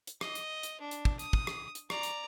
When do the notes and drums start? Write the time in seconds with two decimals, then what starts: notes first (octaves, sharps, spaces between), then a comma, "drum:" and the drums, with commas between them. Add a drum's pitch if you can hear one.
0.07 drum: hi-hat
0.21 D#5, drum: rim click
0.35 drum: hi-hat
0.63 drum: hi-hat
0.81 D4
0.91 drum: hi-hat
1.05 drum: kick
1.19 D#6, drum: hi-hat
1.33 drum: kick
1.47 drum: rim click
1.75 drum: hi-hat
1.90 D5 A#5, drum: rim click
2.03 drum: hi-hat